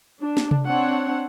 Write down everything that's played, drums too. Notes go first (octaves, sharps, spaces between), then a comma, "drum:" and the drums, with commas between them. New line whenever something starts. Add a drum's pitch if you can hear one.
D4
drum: snare
drum: tom C3
C4 D4 C#5 F#5